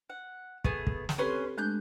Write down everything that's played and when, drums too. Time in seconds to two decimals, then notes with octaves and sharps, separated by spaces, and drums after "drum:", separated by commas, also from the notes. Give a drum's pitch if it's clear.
0.10 F#5
0.64 A3 B3 G#4, drum: kick
0.87 drum: kick
1.09 drum: snare
1.18 C4 C#4 G4 A4 B4 C6
1.58 G#3 A3 D4 F#6 G6